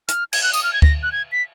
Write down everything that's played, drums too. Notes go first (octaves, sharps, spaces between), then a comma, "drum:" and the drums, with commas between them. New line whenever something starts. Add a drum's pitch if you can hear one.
F6, drum: hi-hat
G#6, drum: cymbal
F#6
D#6, drum: tambourine
F6
G#6
A#6, drum: kick D2
F#6
G#6
B6